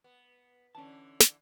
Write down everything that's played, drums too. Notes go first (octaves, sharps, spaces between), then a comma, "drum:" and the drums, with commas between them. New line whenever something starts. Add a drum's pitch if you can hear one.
B3
D3 E3 C#4 A5
drum: snare